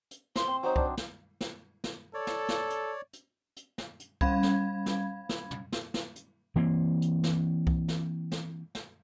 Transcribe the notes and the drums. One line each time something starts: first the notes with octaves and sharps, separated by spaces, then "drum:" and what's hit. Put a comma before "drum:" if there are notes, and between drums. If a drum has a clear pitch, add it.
drum: hi-hat
C5 C6, drum: snare
C4
F#3 D#4 C5
D4, drum: kick C2
drum: snare
drum: snare
drum: snare
A4 C#5 D5
drum: snare
drum: snare
drum: hi-hat
drum: hi-hat
drum: hi-hat
drum: snare
drum: hi-hat
G3 C#4 F5 B5 G#6, drum: kick C2
drum: snare
drum: snare
drum: snare
drum: tom
drum: snare
drum: snare
drum: hi-hat
E3 A#3 C4
drum: hi-hat
drum: snare
drum: kick C2
drum: snare
drum: snare
drum: snare